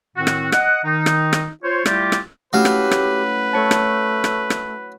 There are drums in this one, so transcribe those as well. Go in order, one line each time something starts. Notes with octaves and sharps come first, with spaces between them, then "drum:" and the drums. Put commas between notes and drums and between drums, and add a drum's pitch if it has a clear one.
A2 D#3 C4 F#4
drum: rim click
D#5 F#5, drum: rim click
D#3 D#4
drum: rim click
drum: rim click
F4 C5 C#5
G3 A3 E4 F4 G4, drum: rim click
drum: rim click
F#3 A3 C#4 E4 G4 B4 F5
drum: rim click
drum: rim click
A3 C#5 A5
drum: rim click
drum: rim click
drum: rim click